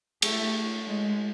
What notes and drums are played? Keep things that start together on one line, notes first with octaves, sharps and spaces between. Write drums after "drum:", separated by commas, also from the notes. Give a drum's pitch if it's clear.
A3, drum: cymbal
G#3